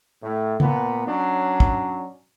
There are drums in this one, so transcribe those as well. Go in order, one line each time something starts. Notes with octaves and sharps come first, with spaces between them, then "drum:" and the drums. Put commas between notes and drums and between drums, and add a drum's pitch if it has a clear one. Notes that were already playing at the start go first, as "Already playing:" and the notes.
A2
A#2 B3, drum: tom C#3
F#3 C#4 D4
drum: kick